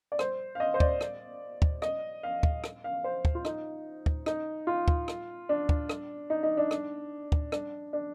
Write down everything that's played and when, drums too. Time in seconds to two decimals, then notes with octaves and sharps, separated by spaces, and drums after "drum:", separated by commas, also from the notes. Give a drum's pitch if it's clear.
0.12 D5
0.19 C5, drum: rim click
0.55 F5
0.60 D#5
0.74 C5
0.80 D5, drum: kick
1.01 drum: rim click
1.62 drum: kick
1.82 D#5, drum: rim click
2.23 F5
2.43 drum: kick
2.64 drum: rim click
2.84 F5
3.04 C5
3.25 drum: kick
3.35 F4
3.45 D#4, drum: rim click
4.06 drum: kick
4.26 D#4, drum: rim click
4.67 F4
4.88 drum: kick
5.08 drum: rim click
5.49 D4
5.69 drum: kick
5.89 drum: rim click
6.30 D#4
6.43 D#4
6.57 D4
6.71 drum: rim click
7.32 drum: kick
7.52 D4, drum: rim click
7.93 D4